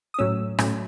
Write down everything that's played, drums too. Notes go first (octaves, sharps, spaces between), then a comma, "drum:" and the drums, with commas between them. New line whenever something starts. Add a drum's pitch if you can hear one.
D#6
A2 F#3 A3 C#4 E6
A2 F#3 A3 C#4, drum: rim click